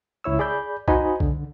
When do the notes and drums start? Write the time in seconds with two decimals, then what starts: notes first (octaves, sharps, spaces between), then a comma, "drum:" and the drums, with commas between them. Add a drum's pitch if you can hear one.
0.24 C#2 E4 C#5 E6
0.39 G#4 D5 B5 G6
0.88 D#4 F#4 C5 D#5 G#5 B5, drum: kick B1
1.20 D3, drum: kick B1